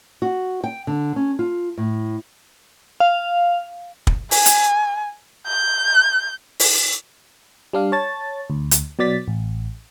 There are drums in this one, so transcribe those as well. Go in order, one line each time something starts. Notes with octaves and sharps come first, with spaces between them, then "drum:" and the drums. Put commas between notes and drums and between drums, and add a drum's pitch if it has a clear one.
F#4
G5
D3
C#4
F4
A2
F5
drum: kick
G#5, drum: open hi-hat
drum: hi-hat
G6
drum: open hi-hat
G3 D4 F5
C#5 A5 A6
D2
drum: hi-hat
B2 F#3 D5 A6 B6
A1